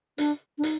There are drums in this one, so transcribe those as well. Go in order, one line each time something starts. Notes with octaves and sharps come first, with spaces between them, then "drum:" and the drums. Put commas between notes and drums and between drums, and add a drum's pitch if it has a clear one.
D4, drum: hi-hat
D4
D#4, drum: hi-hat